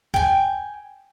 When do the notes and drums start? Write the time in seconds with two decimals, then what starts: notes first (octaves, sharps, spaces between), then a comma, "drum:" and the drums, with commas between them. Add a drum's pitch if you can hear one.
0.14 G5 G#5, drum: kick C#2